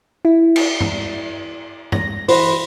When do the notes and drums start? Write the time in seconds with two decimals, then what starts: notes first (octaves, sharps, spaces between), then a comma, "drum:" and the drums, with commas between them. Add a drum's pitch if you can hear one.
0.25 E4
0.56 drum: cymbal
0.80 drum: tom G2
1.92 A#6, drum: tom G2
2.28 E3 F#4 C5 B5, drum: open hi-hat